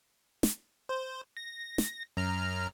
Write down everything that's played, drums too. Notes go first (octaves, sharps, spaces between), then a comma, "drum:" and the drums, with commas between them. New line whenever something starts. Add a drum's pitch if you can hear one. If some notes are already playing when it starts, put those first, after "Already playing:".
drum: snare
C5
A#6
drum: snare
F#2 A#5 F6